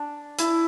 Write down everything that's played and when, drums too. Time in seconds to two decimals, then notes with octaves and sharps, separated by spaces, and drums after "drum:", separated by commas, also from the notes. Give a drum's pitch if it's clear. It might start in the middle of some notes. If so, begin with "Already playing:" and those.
Already playing: D4
0.39 E4, drum: hi-hat